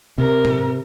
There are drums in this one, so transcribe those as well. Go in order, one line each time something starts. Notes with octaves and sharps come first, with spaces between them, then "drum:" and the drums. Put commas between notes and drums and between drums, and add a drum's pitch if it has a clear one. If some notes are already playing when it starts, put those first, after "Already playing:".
C3 A#4
drum: tom G#2